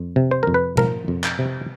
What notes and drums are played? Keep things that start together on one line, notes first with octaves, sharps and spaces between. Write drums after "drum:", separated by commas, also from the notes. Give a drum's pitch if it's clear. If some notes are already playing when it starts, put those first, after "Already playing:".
Already playing: F2
C3
C5
F2 A#4
B4
F3 A#4, drum: tom B2
F2
drum: clap
C3